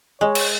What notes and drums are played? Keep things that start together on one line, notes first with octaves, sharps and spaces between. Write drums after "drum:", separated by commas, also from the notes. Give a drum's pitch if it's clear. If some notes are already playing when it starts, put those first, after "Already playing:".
G#3 C#5
drum: cymbal